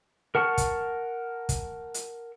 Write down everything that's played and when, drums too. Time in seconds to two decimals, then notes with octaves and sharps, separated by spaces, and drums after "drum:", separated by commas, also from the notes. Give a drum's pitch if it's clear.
0.35 A#4 F#5 A5 C#6 F6
0.58 drum: kick, hi-hat
1.49 drum: kick, hi-hat
1.94 drum: hi-hat